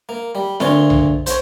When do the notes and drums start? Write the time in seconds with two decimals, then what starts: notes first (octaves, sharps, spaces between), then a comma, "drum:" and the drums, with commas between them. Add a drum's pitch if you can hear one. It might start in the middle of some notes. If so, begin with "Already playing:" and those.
0.09 A#3
0.35 G3
0.60 D2 A#2 F4 C#5, drum: snare
0.90 drum: tom B1
1.26 C5 C#5, drum: hi-hat